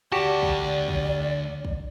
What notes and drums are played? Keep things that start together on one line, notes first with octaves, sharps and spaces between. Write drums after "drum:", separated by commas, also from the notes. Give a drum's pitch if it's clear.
D2 F#4 G4 D5 A5
drum: kick
drum: kick
drum: kick